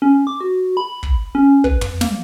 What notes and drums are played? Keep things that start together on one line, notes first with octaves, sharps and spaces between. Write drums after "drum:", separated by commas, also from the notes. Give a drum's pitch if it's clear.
C#4
D6
F#4
B5
drum: kick
C#4
B4, drum: kick
drum: tom
A#3, drum: snare